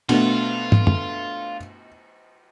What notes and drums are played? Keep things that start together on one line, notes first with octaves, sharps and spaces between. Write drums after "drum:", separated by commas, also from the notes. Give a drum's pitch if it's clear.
B2 A3 B3 D4 F4, drum: cymbal
drum: tom
drum: tom